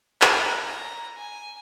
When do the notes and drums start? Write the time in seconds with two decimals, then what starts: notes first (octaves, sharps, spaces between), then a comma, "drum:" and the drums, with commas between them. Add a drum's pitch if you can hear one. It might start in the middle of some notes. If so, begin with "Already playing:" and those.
0.22 A#5, drum: clap
0.66 A#5
1.17 G#5